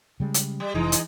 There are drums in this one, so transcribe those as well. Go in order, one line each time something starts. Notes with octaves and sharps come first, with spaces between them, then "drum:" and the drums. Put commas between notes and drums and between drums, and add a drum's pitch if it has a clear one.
C#3 G3 G#3
drum: hi-hat
G3
F1 E3 G#3 D#4
drum: hi-hat